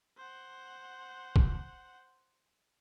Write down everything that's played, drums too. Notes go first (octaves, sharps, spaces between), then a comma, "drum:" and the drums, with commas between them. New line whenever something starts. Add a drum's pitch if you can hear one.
C5 F#5
drum: kick